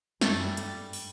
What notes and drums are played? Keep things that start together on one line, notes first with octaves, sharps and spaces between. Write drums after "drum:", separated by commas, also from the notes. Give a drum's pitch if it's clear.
F#2 F#3 A3, drum: snare
G3
G2 G3, drum: hi-hat
drum: open hi-hat